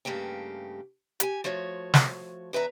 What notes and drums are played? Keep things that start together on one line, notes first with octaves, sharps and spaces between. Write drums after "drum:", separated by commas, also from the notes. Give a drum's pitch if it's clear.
G2 C#3 A3 A#3 G4
G4 G#5, drum: hi-hat
F3 A3 F#4 C#5
drum: snare
E2 B4 E5 A#5